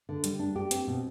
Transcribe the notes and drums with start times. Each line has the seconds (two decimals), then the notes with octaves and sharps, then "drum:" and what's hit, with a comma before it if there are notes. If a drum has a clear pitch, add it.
0.09 D3
0.24 G3, drum: hi-hat
0.39 D4
0.56 G4
0.71 C4, drum: hi-hat
0.87 B2